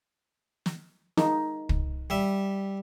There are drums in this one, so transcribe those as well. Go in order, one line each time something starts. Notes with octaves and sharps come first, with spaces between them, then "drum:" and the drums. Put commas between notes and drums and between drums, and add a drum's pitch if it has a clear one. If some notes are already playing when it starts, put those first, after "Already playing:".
drum: snare
D#4, drum: snare
drum: kick
G3 E5